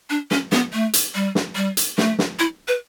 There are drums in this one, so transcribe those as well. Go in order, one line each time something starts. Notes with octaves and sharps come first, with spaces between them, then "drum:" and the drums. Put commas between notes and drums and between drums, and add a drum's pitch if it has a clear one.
D4
C#4, drum: snare
B3, drum: snare
A3
drum: hi-hat
G3
drum: snare
G3
drum: hi-hat
A3, drum: snare
drum: snare
E4
B4